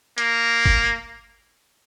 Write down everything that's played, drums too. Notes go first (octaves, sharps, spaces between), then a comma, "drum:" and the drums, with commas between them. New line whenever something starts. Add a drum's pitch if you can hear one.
A#3, drum: hi-hat
drum: kick